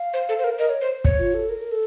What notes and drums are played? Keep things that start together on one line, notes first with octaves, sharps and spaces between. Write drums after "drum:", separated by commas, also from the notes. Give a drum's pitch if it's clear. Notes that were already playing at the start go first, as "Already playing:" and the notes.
Already playing: F5
C5
A4
C5
A#4
A#4 D#5
C#5
C5
C#5, drum: kick
F4
A4
A#4
A4